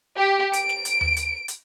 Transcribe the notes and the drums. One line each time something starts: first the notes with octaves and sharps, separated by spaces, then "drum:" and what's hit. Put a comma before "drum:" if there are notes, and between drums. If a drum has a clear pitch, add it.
G4
D7, drum: hi-hat
drum: snare
drum: hi-hat
drum: tom D#2
drum: hi-hat
drum: hi-hat